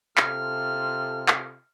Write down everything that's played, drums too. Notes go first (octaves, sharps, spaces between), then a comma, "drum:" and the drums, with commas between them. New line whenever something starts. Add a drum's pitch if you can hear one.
C3 F4 A4 F6, drum: clap
drum: clap